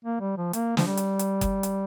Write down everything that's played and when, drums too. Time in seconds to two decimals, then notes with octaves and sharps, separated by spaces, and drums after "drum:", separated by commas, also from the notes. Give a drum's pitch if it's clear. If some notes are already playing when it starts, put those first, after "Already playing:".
0.05 A#3
0.20 G3
0.37 F3
0.53 A#3, drum: hi-hat
0.77 F3, drum: snare
0.87 G3
0.97 drum: hi-hat
1.19 drum: hi-hat
1.41 drum: kick F#1, hi-hat
1.63 drum: hi-hat